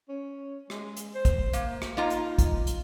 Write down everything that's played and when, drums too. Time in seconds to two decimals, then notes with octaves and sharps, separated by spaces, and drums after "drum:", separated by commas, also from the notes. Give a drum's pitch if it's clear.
0.09 C#4
0.70 G#3, drum: rim click
0.97 drum: hi-hat
1.15 C5
1.25 drum: kick, hi-hat
1.53 A#3, drum: hi-hat
1.82 drum: rim click
1.97 A#3 D#4 F4 A#5
2.10 drum: hi-hat
2.38 drum: kick, hi-hat
2.67 drum: hi-hat